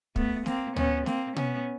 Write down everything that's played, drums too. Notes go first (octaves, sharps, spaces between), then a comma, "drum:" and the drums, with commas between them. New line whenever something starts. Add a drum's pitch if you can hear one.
A3 B3, drum: kick
A#3 C4, drum: snare
B3 C#4, drum: tom D2
A#3 C4, drum: snare
B3 C#4, drum: tom B2